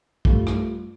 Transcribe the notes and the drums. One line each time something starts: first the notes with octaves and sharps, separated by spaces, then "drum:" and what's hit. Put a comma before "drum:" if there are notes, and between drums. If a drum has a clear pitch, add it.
G3 A3 F4, drum: kick
drum: rim click